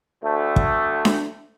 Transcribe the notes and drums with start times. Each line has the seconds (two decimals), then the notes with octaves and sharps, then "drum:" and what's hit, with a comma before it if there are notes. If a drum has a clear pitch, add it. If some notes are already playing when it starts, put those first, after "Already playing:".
0.23 D2 A3
0.56 drum: kick
1.05 drum: snare D4